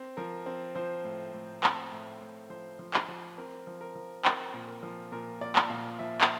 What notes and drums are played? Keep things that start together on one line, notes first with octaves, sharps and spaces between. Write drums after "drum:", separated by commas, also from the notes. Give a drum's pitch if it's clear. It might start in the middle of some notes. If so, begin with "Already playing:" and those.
Already playing: C4
F3 A#4
C4
F3 C5
A2
A2
C4, drum: clap
A2
A2
F3 C5
F3
drum: clap
F3
C4 A#4
F3
A#4
F3
C4 A#4, drum: clap
A#2
A#4
F3
A#2 A#4
A#2 D5
drum: clap
A#2 F5
F3 E5
drum: clap